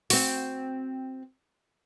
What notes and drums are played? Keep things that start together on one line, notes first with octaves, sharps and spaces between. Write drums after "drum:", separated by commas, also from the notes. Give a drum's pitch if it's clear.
C4 F#4, drum: open hi-hat